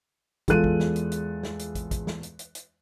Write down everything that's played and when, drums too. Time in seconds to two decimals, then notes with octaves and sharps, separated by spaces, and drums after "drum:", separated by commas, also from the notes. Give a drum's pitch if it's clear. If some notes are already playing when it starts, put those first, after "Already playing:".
0.48 E2 G#3 F4 A4 F#6 D#7, drum: kick, hi-hat
0.64 drum: kick
0.80 drum: snare
0.96 drum: hi-hat
1.12 drum: hi-hat
1.43 drum: snare
1.59 drum: hi-hat
1.75 drum: kick, hi-hat
1.91 drum: kick, hi-hat
2.07 drum: snare
2.23 drum: hi-hat
2.39 drum: hi-hat
2.55 drum: hi-hat